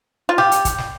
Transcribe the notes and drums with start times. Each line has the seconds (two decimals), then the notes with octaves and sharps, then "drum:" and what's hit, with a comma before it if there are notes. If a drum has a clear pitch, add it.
0.29 F4
0.38 G4, drum: snare
0.52 drum: hi-hat
0.65 drum: kick, hi-hat
0.78 drum: snare